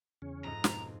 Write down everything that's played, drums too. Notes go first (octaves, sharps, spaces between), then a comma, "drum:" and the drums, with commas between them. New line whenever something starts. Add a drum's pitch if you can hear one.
E2 C#3 C#4
F2 G#2 D#5 A#5
B2, drum: snare